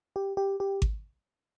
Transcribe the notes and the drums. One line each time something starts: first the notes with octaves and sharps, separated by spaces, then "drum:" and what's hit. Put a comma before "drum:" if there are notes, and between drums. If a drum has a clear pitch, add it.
G4
G4
G4
drum: kick G#1